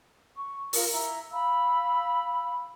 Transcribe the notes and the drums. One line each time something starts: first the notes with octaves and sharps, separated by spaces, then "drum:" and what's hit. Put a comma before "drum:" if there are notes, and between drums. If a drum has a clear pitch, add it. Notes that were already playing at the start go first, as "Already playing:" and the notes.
C#6
F4 A#4, drum: open hi-hat
E4 A#5
F5 B5 E6